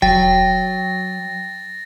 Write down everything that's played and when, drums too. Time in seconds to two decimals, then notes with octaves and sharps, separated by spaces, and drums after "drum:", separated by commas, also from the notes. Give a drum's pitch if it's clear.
0.02 F#3 G5 A6 A#6, drum: kick E1